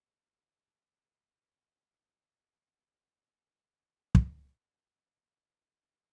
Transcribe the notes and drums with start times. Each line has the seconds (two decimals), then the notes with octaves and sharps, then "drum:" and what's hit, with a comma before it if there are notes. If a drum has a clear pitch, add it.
0.05 G#4
2.07 E5
2.31 C#3
4.15 drum: kick
4.64 C2 G5
5.29 G3 B3 D#4 A4 C#5
5.88 G#3 B3 C4 G4 A#4